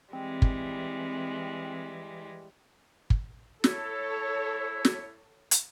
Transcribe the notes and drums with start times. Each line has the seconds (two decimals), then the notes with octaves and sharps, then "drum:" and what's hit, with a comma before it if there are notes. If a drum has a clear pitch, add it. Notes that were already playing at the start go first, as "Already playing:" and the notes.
0.13 E3 G3 G#3 C4
0.42 drum: kick
3.10 drum: kick
3.64 E4 A4 C#5, drum: snare
4.85 drum: snare
5.51 drum: hi-hat